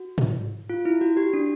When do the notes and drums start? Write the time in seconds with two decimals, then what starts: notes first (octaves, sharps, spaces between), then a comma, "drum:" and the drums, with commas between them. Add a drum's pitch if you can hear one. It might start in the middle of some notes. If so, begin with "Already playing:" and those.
Already playing: F#4
0.18 drum: tom
0.70 F4
0.85 E4
1.01 F#4
1.17 G4
1.34 D4